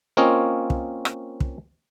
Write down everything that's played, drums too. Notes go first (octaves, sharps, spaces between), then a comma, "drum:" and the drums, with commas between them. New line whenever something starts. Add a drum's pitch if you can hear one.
A#3 C4 C#4 F4 C#5 D#5
drum: kick
drum: rim click
drum: kick